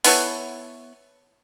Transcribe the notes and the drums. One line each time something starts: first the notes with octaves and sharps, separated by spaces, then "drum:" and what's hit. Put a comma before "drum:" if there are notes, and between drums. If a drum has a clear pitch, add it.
B3 E4 A4 C#5, drum: open hi-hat